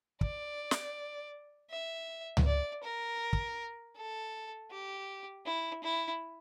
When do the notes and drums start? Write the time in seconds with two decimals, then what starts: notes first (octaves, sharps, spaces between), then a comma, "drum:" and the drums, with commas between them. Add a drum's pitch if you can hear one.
0.21 D5, drum: kick
0.71 drum: snare
1.70 E5
2.37 drum: tom C#2
2.46 D5
2.83 A#4
3.33 drum: kick
3.96 A4
4.71 G4
5.46 E4
5.83 E4